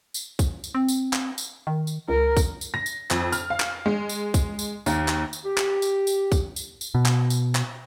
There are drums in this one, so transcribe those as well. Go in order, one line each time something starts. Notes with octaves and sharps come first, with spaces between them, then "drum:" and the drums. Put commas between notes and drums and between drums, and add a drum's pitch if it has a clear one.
drum: tambourine
drum: kick, tambourine
drum: tambourine
C4
drum: tambourine
drum: clap
drum: tambourine
D#3
drum: tambourine
C#2 A#4
drum: kick, tambourine
drum: tambourine
A#6
drum: tambourine
F2, drum: clap
F6, drum: tambourine
F5
drum: clap
G#3
drum: tambourine
drum: kick, tambourine
drum: tambourine
D#2, drum: tambourine
drum: clap
drum: tambourine
G4
drum: clap
drum: tambourine
drum: tambourine
drum: kick, tambourine
drum: tambourine
drum: tambourine
B2
drum: clap
drum: tambourine
drum: clap